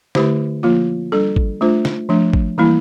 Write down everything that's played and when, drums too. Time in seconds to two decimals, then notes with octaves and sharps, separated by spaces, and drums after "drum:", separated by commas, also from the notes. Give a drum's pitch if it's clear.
0.15 D3 A3 E4 G4 C5, drum: snare
0.63 F3 A#3 F4
1.12 G3 D4 A4
1.36 drum: kick G#1
1.61 A3 D4 F4 C5
1.85 drum: snare
2.09 F3 A3 D4
2.33 drum: kick G#1
2.58 E3 G3 A#3 E4